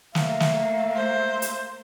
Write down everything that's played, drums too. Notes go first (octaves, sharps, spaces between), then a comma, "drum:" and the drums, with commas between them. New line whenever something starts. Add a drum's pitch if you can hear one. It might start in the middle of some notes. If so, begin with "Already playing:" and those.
A3 A#3 E5 F5, drum: snare
drum: snare
C5
drum: hi-hat